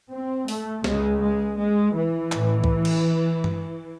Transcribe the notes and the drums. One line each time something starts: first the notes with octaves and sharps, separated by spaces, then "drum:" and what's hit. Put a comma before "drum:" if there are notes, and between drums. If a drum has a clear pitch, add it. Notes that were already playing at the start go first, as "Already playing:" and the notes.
C4
A3, drum: open hi-hat
C#2 C#3 G#3, drum: snare
G#3
G#3
E3
A1 A2, drum: clap
drum: kick C2
drum: cymbal
drum: tom G2